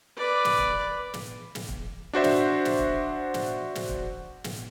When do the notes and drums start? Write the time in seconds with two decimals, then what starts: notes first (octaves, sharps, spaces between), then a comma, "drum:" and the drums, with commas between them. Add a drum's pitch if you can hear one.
0.17 B4 D5
0.45 drum: snare
0.58 drum: kick
1.14 drum: snare
1.55 drum: snare
1.69 drum: kick
2.13 D4 F#4 C5 E5
2.24 drum: snare
2.65 drum: snare
2.79 drum: kick
3.34 drum: snare
3.75 drum: snare
3.89 drum: kick
4.44 drum: snare